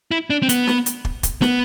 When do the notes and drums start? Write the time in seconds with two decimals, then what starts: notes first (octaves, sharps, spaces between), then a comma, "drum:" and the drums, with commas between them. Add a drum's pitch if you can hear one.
0.11 E4
0.30 D4
0.43 C4
0.49 B3, drum: hi-hat
0.67 drum: snare
0.86 drum: hi-hat
1.05 drum: kick
1.23 drum: kick, hi-hat
1.42 B3, drum: snare